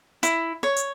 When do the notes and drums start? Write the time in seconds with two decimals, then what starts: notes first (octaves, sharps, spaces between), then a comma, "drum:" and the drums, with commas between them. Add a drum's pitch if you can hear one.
0.23 E4, drum: hi-hat
0.63 C#5
0.76 drum: hi-hat